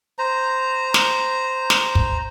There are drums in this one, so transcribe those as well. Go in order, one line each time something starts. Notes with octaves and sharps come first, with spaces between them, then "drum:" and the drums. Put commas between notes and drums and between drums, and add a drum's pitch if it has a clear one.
C5 A#5
drum: snare
drum: snare
drum: kick